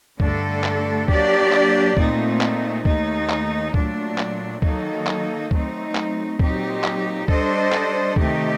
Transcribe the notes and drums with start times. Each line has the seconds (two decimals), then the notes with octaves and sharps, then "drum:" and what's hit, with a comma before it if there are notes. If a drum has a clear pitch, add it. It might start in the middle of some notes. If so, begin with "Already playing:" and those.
0.20 G2 D3 A3 D4 A4, drum: kick C#2
0.64 drum: clap
1.08 F#3 A#3 D4 G4 D5, drum: kick C#2
1.53 drum: clap
1.97 A#2 A3 C4 D#4, drum: kick C#2
2.41 drum: clap
2.85 D#2 D#3 A3 D#4, drum: kick C#2
3.30 drum: clap
3.74 A#2 F#3 A3 D4, drum: kick C#2
4.18 drum: clap
4.62 D#3 F#3 A#3 D#4 A4, drum: kick C#2
5.07 drum: clap
5.51 F#3 A3 C4 D#4, drum: kick C#2
5.95 drum: clap
6.39 A#2 F#3 C4 D#4 G4, drum: kick C#2
6.84 drum: clap
7.28 G3 D4 A4 C5 D#5, drum: kick C#2
7.73 drum: clap
8.16 C3 D#3 A3 D#4 G4, drum: kick C#2